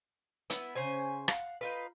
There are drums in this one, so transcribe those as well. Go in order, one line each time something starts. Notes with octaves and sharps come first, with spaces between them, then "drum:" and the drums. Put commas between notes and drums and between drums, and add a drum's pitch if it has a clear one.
B3 E4, drum: hi-hat
C#3 C#4 C5 G#5
F5 F#5, drum: rim click
D#4 F4 B4